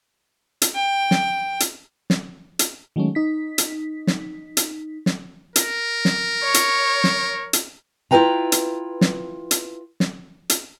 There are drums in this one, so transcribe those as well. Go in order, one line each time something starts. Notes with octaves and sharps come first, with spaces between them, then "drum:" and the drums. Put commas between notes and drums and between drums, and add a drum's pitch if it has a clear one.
drum: hi-hat
G5
drum: snare
drum: hi-hat
drum: snare
drum: hi-hat
D#3 F#3 G#3 A3 C#4
D#4 B6
drum: hi-hat
drum: snare
drum: hi-hat
drum: snare
A#4, drum: hi-hat
drum: snare
C#5
drum: hi-hat
drum: snare
drum: hi-hat
E4 F4 A4 B4 G5 A#5
drum: hi-hat
drum: snare
drum: hi-hat
drum: snare
drum: hi-hat